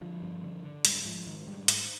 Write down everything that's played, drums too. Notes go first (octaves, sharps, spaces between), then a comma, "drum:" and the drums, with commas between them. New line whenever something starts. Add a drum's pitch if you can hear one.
D3 F3
G2
D3
D3
G#2 G3, drum: hi-hat
G#2 F3
G#2 D#3
G#2 G3
G#2, drum: hi-hat